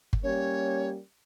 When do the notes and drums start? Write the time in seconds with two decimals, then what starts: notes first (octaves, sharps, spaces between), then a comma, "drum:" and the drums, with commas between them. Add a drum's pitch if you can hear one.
0.13 drum: kick G1
0.23 G3 A#3 C#4 C#5